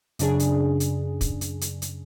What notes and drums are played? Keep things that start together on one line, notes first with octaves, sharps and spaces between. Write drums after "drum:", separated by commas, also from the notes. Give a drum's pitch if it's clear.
F#2 C#3 D4 G#4, drum: hi-hat
drum: hi-hat
drum: hi-hat
drum: kick, hi-hat
drum: hi-hat
drum: hi-hat
drum: hi-hat